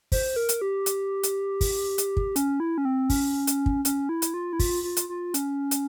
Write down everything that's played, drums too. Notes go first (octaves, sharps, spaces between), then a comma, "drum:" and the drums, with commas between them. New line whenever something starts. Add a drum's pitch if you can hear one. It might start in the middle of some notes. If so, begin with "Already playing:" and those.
C5, drum: kick, open hi-hat
A#4
drum: hi-hat
G4
drum: hi-hat
drum: hi-hat
drum: kick, open hi-hat
drum: hi-hat
drum: kick
C#4, drum: hi-hat
E4
C#4
C4
C#4, drum: kick, open hi-hat
drum: hi-hat
drum: kick
C#4, drum: hi-hat
E4
drum: hi-hat
F4
E4
F4, drum: kick, open hi-hat
F4
drum: hi-hat
F4
C#4, drum: hi-hat
drum: hi-hat